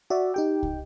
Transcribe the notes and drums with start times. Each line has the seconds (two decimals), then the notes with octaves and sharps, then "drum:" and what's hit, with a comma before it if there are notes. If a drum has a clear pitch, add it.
0.10 F#4 D5 E5
0.34 D#4 G4 G5
0.63 drum: kick